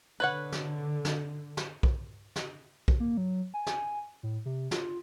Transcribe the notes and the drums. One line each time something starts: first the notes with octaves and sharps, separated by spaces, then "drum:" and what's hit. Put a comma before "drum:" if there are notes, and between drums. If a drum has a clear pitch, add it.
D3 B4 C#5 F#5
drum: snare
drum: snare
drum: snare
drum: kick B1
drum: snare
drum: kick B1
A#3
F#3
G#5
drum: snare
A2
C3
F4, drum: snare